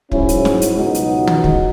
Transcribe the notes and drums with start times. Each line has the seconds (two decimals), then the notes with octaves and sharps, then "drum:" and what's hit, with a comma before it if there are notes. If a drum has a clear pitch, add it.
0.12 G#2 F#3 C#4 E4, drum: kick
0.29 drum: hi-hat
0.45 drum: snare
0.62 drum: hi-hat
0.78 C#2 B2 F#3 D#4 F#4
0.94 drum: hi-hat
1.27 drum: tom
1.44 drum: kick